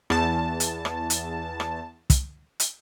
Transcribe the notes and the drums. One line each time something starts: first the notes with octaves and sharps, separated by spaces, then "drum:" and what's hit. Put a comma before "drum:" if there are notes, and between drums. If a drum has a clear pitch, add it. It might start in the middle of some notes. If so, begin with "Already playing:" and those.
E2 A5, drum: rim click
drum: hi-hat
drum: rim click
drum: hi-hat
drum: rim click
drum: kick, hi-hat
drum: hi-hat